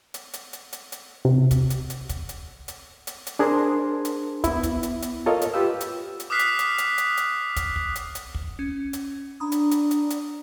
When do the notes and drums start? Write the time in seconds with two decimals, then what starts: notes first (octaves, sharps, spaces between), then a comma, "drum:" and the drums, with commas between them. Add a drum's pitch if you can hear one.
0.14 drum: hi-hat
0.33 drum: hi-hat
0.53 drum: hi-hat
0.73 drum: hi-hat
0.92 drum: hi-hat
1.25 C3
1.51 drum: kick, hi-hat
1.70 drum: hi-hat
1.90 drum: hi-hat
2.09 drum: kick, hi-hat
2.29 drum: hi-hat
2.68 drum: hi-hat
3.07 drum: hi-hat
3.27 drum: hi-hat
3.39 D4 G#4 A#4 C5 A5 C6
4.05 drum: hi-hat
4.44 B3 E4, drum: kick, hi-hat
4.63 drum: kick, hi-hat
4.83 drum: hi-hat
5.02 drum: hi-hat
5.26 F4 A4 A#4 C#5 D#5 F5
5.41 drum: hi-hat
5.54 F4 G4 B4 G5 E6
5.81 drum: hi-hat
6.20 drum: hi-hat
6.30 D6 D#6 F6 F#6 B6 C7
6.39 drum: hi-hat
6.59 drum: hi-hat
6.78 drum: hi-hat
6.98 drum: hi-hat
7.17 drum: hi-hat
7.56 drum: kick, hi-hat
7.76 drum: kick
7.95 drum: hi-hat
8.15 drum: hi-hat
8.35 drum: kick
8.59 C#4
8.93 drum: hi-hat
9.40 D4 A#5 B5 D#6
9.52 drum: hi-hat
9.71 drum: hi-hat
9.91 drum: hi-hat
10.10 drum: hi-hat